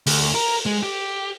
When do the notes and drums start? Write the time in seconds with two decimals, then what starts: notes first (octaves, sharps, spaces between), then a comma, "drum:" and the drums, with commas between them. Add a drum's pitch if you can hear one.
0.07 D2, drum: open hi-hat
0.35 A#4
0.66 G#3
0.83 G4